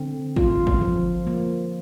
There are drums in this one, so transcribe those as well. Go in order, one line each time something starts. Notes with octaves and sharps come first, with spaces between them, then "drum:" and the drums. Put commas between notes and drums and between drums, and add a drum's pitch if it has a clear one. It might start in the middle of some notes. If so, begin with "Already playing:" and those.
Already playing: D3 C4
F4, drum: kick
drum: kick
F3
A#3